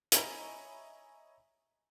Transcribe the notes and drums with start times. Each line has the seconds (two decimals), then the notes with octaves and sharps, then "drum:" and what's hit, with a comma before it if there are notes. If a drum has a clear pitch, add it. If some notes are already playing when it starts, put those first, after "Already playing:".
0.12 C#5 D#5 E5 G#5 A#5 B5, drum: hi-hat